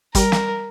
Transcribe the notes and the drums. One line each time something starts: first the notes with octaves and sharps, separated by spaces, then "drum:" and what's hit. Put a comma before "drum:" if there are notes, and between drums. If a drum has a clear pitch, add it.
G3 A#4, drum: kick, hi-hat
drum: snare